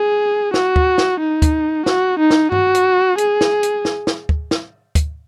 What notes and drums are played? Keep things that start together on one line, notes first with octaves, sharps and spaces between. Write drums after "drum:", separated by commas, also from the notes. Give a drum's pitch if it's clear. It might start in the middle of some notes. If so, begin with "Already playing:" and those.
Already playing: G#4
F#4, drum: snare
drum: kick
drum: snare
D#4
drum: kick, hi-hat
F#4, drum: snare
D#4
drum: snare
F#4, drum: tom G2
drum: hi-hat
G#4, drum: hi-hat
drum: snare
drum: hi-hat
drum: snare
drum: snare
drum: kick
drum: snare
drum: kick, hi-hat